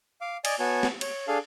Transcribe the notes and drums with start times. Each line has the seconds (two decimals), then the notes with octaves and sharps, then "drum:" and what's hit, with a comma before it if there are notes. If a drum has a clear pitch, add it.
0.21 F5 D6
0.45 D5 D#5 G#5 D6, drum: cymbal
0.59 B3 F#4 C#5 G#5 A5
0.83 drum: snare
1.01 C#5, drum: cymbal
1.28 D4 G#4 A4 F5